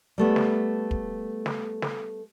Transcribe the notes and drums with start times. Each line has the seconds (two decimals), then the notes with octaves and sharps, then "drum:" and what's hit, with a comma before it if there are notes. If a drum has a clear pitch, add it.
0.18 G3 A3 B3
0.36 drum: snare
0.91 drum: kick
1.46 drum: snare
1.82 drum: snare